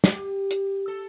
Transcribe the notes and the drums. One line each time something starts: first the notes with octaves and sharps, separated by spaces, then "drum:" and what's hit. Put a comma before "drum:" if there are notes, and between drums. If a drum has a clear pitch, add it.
G4, drum: snare
drum: hi-hat
A4